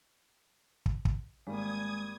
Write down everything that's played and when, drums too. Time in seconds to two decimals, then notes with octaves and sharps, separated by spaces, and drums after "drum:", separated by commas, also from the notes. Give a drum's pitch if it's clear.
0.86 drum: kick
1.05 drum: kick
1.47 G#1 G3 G#3 A#3 D#6 G#6